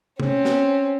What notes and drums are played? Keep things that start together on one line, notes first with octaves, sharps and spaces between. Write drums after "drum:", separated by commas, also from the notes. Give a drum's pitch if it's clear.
C4 C#4, drum: tom
drum: snare